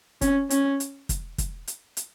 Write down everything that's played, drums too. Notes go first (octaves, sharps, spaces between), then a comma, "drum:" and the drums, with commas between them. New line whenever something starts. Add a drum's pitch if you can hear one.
C#4, drum: kick, hi-hat
C#4, drum: hi-hat
drum: hi-hat
drum: kick, hi-hat
drum: kick, hi-hat
drum: hi-hat
drum: hi-hat